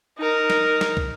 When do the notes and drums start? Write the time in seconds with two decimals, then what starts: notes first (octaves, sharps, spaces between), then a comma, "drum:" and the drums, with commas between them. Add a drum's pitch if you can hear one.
0.18 D#4 A#4
0.50 drum: snare
0.81 drum: snare
0.97 drum: kick